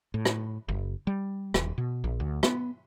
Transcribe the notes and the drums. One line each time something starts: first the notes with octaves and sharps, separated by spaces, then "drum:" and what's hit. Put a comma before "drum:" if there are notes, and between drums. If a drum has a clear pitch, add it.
A2
drum: rim click
F#1
G3
D#1, drum: rim click
B2
A#1
D2
B3, drum: rim click